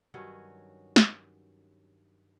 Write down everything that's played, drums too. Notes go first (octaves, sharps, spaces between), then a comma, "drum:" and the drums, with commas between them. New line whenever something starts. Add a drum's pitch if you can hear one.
G2 D#3 F#3 C#4
drum: snare